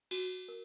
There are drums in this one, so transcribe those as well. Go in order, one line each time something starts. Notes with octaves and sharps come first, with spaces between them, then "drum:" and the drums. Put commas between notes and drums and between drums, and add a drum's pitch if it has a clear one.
F#4, drum: cymbal
A#4